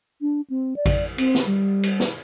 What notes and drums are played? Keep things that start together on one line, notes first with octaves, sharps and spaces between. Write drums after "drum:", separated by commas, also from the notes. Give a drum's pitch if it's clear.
D4
C4
D5
drum: kick A1, cymbal
C4, drum: cymbal
drum: snare
G3
drum: cymbal
drum: snare